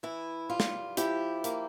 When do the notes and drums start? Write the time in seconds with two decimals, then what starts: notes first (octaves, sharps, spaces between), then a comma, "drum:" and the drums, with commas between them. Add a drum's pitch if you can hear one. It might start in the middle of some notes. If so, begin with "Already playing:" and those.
0.03 E3 E4
0.50 G3 F4
0.60 drum: snare
0.97 F3 E4 G4, drum: hi-hat
1.44 A#3, drum: hi-hat